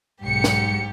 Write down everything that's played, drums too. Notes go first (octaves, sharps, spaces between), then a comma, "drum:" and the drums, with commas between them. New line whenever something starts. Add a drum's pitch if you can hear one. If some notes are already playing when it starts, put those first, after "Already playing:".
B1 G#2 G4 C#7
drum: snare